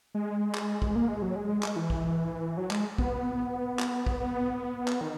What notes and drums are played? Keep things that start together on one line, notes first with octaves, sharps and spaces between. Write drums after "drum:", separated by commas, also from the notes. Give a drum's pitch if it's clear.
G#3
drum: clap
drum: kick
A#3
G#3
F#3
G#3
drum: clap
E3
drum: kick
F#3
G#3, drum: clap
B3, drum: kick
drum: clap
drum: kick
B3
drum: clap
D#3